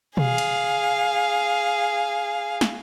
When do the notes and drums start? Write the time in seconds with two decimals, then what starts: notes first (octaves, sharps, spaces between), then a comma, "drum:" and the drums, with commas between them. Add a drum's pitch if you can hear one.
0.17 G#4 F5, drum: tom B2
0.38 drum: cymbal
2.61 drum: snare